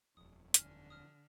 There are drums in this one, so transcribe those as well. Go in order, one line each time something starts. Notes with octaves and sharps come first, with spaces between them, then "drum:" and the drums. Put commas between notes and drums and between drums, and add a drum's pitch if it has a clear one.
D#1 F2 D#6
D3 G#5 F6, drum: hi-hat
D#6 F6